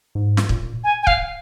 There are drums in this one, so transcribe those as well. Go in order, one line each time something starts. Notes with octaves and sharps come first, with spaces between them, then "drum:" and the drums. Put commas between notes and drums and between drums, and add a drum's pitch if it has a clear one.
G#2
drum: snare
A#2, drum: kick
G#5
G#5
F5, drum: kick